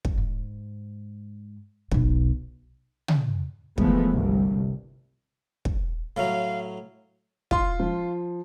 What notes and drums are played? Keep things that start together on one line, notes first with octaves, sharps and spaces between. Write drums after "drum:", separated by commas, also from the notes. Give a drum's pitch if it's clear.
drum: kick
G#2
B1 B2, drum: kick
drum: tom
E3 F3 G#3 A3 B3, drum: kick
G1 C2 G2
drum: kick
A2 F#3 F5
F4 C6, drum: kick
F3